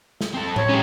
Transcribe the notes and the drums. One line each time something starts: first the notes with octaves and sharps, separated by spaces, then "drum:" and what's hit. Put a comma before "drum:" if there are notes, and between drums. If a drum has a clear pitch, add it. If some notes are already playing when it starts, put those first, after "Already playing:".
drum: snare
C4 A4
C#5, drum: tom A2
G#3 C#4 D#4 G4